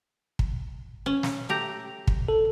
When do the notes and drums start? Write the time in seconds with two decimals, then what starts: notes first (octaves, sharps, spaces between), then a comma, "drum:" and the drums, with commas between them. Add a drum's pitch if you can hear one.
0.39 drum: kick
1.06 C#4
1.23 drum: snare
1.49 A3 G4 A#5
2.07 drum: kick
2.29 A4